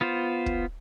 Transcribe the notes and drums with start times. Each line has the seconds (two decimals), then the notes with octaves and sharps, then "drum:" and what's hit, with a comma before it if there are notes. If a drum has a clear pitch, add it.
0.01 B3 F4 C5
0.46 drum: kick